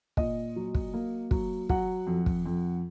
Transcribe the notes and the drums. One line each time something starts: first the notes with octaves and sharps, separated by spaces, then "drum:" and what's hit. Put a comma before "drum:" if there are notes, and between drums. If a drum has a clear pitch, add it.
A#2 D#5, drum: kick
F#3
drum: kick
A#3
F#3, drum: kick
F#3 F#5, drum: kick
F2
drum: kick
F2